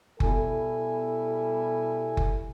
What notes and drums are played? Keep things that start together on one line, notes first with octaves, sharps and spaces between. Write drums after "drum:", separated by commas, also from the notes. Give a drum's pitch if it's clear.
B2 G3 E4 A4 G#5, drum: kick F#1
drum: kick F#1